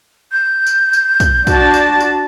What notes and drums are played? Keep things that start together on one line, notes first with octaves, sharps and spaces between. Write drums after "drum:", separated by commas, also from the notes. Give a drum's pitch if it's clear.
G6
drum: tambourine
drum: tambourine
drum: kick, tambourine
D4 F#4 A5, drum: kick, tambourine
drum: tambourine
drum: tambourine